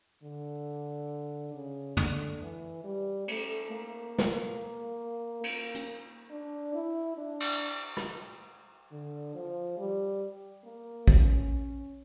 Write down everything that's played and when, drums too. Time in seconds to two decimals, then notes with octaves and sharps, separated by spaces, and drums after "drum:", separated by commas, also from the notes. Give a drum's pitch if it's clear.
0.23 D3
1.54 C#3
1.97 D3, drum: tom
2.41 E3
2.84 G3
3.28 A3, drum: cymbal
3.71 A#3
4.18 drum: snare
5.44 A#3, drum: cymbal
5.75 drum: hi-hat
6.31 D4
6.74 E4
7.17 D4
7.40 drum: cymbal
7.97 drum: rim click
8.91 D3
9.35 F3
9.78 G3
10.64 A#3
11.08 C#4, drum: kick A1